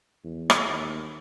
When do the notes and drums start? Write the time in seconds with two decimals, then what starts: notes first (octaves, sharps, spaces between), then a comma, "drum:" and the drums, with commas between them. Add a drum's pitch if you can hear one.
0.24 E2
0.50 drum: rim click
0.67 D#2